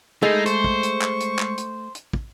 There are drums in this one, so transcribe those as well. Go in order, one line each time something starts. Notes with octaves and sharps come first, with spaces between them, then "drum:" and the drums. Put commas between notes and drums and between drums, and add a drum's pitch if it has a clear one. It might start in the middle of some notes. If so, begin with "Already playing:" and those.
G#3 A3 D#4 E4 C7
C5 C#6, drum: hi-hat
drum: kick
drum: hi-hat
drum: clap
drum: hi-hat
drum: clap
drum: hi-hat
drum: hi-hat
drum: kick